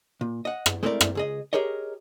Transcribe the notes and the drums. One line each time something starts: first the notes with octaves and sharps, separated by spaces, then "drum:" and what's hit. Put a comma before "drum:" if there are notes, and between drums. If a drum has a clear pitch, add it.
A#2
D#5 F#5
drum: rim click
G#3 A3 C4 E4 A#4 D5
drum: rim click
C#2 G#4 D#5
G4 G#4 A#4 C#5 D#5